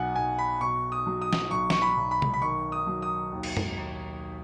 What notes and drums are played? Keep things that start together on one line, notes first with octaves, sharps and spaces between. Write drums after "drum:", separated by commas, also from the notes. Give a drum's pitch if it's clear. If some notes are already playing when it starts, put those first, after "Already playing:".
Already playing: B1 B2 F#3 F#5 G#5
B1 G#5
B5
B2 C#6
D#6
F#3
D#6
drum: snare
B1 C#6
C#6, drum: snare
B5
B1
B5
drum: tom
B5
D#3 C#6
D#6
F#3
D#6
D#2
drum: cymbal
drum: tom
D#2